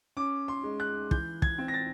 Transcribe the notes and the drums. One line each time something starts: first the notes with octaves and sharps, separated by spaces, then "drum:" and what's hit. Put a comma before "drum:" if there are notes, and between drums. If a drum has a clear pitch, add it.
C#4 D6
C6
G#3
F#6
E3 G6, drum: kick
G#6, drum: kick
C4
A#6
A6